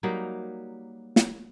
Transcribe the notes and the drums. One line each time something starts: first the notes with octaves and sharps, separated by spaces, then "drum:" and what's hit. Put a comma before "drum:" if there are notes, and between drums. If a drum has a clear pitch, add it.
F#3 G3 A#3 D#4
drum: snare